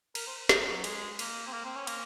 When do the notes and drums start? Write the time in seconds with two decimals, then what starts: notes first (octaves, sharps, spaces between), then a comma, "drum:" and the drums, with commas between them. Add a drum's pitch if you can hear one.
0.15 A#4, drum: cymbal
0.27 C5
0.49 D#4, drum: snare
0.61 C4
0.67 F3
0.73 F#3
0.84 G#3, drum: cymbal
1.19 A#3, drum: cymbal
1.47 C4
1.53 A#3
1.65 C4
1.76 C#4
1.87 A#3, drum: cymbal